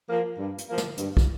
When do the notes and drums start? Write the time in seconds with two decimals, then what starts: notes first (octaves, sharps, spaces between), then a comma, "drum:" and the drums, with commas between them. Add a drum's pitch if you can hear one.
0.10 F3 A#3
0.39 G2
0.58 drum: hi-hat
0.67 F3 A#3
0.78 drum: snare
0.97 G2, drum: hi-hat
1.17 drum: kick